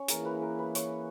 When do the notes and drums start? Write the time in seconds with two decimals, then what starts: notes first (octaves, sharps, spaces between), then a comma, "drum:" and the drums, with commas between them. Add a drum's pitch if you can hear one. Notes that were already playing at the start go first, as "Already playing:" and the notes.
Already playing: C#4 C#5
0.08 E3 A#3 E4 G#4 A#4, drum: hi-hat
0.25 B4
0.42 A#4
0.59 B4
0.75 C#5, drum: hi-hat